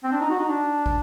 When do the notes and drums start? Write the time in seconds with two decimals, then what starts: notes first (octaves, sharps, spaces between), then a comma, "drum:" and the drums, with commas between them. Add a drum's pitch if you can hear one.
0.04 C4
0.12 D4
0.21 D#4
0.30 F#4
0.40 D#4
0.48 D4
0.86 drum: kick